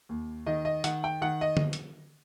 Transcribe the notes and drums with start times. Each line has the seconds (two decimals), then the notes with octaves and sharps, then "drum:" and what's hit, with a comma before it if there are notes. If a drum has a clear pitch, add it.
0.09 D#2
0.47 D#3 D#5
0.65 D#5
0.84 D#3 F#5, drum: hi-hat
1.04 G5
1.21 D#3 F#5
1.41 D#5
1.57 drum: tom
1.73 drum: hi-hat